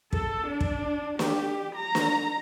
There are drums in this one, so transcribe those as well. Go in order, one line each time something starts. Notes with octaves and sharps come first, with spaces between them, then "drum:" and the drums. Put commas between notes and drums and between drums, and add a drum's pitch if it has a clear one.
A4, drum: kick
D4
drum: kick
G4, drum: snare
A#5
drum: snare